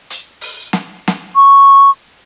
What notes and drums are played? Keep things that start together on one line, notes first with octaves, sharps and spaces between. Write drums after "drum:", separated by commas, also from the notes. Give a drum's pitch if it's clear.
drum: hi-hat
drum: open hi-hat
drum: snare
drum: snare
C#6